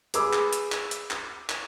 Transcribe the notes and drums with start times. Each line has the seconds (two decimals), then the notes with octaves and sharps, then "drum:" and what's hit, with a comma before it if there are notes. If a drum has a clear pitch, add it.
0.14 G#4 B4 B5 D6 E6, drum: hi-hat
0.33 drum: clap
0.53 drum: hi-hat
0.72 drum: clap
0.91 drum: hi-hat
1.11 drum: clap
1.49 drum: clap